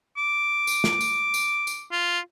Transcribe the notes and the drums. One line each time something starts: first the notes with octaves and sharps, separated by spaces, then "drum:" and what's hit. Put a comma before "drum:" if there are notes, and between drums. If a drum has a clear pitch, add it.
D6
drum: tambourine
drum: snare
drum: tambourine
drum: tambourine
drum: tambourine
F4